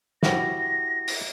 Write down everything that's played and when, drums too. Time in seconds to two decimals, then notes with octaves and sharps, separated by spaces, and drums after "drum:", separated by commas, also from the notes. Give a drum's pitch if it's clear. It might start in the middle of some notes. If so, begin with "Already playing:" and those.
0.23 E4 F#4 G4 A#6, drum: snare
1.07 drum: open hi-hat